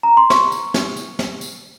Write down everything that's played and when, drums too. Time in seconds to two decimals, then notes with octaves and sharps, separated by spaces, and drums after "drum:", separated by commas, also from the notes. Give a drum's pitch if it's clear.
0.03 A#5
0.17 C6
0.30 C#6, drum: snare
0.52 drum: tambourine
0.74 drum: snare
0.97 drum: tambourine
1.19 drum: snare
1.41 drum: tambourine